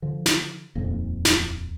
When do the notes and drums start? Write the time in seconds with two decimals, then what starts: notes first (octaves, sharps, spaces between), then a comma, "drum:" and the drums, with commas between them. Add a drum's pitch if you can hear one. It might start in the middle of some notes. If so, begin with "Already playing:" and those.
0.02 D3 F3
0.26 drum: snare
0.75 D#1 F2 A#3
1.25 drum: snare